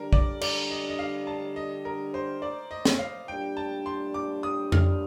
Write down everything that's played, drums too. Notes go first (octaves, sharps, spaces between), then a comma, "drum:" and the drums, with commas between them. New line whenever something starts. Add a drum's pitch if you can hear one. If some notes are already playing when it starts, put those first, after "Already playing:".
Already playing: D3 G3 D4 A#4
D5, drum: kick
D5, drum: cymbal
D#5
D#5
F5
A5
D#5
A#4
C5
D5
D#5
drum: snare
F5
A#2 G3 D4 G5
A5
C6
D6
D#6
F6, drum: tom F2